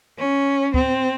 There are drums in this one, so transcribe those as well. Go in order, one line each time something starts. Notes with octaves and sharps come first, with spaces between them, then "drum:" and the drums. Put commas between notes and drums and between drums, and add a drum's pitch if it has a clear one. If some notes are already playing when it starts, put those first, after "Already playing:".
C#4
C4, drum: kick